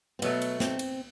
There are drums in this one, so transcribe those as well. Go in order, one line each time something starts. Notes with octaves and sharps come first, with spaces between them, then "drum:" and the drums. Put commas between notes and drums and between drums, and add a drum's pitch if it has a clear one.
C4
B2 F#3 A3 B3, drum: cymbal
drum: cymbal
C4, drum: snare
drum: cymbal